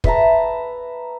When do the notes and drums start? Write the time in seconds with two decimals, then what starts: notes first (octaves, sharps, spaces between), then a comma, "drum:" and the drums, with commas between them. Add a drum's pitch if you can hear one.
0.04 B4 E5 A5 A#5, drum: kick